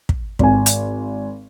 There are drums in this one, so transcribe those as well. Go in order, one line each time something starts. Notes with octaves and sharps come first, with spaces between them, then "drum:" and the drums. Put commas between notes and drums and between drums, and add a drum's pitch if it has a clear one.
drum: kick
G#1 G#5, drum: kick
drum: hi-hat